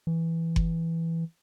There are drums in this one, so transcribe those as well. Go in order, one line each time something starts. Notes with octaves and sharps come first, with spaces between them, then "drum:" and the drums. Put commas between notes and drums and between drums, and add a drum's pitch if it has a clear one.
E3
drum: kick F#1